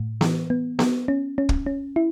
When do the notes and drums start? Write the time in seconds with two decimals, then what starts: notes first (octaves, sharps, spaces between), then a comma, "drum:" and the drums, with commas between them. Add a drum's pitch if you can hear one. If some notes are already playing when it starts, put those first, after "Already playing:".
Already playing: A2
0.21 E3, drum: snare B3
0.50 B3
0.79 B3, drum: snare B3
1.08 C#4
1.38 C#4
1.49 drum: kick
1.66 C#4
1.96 E4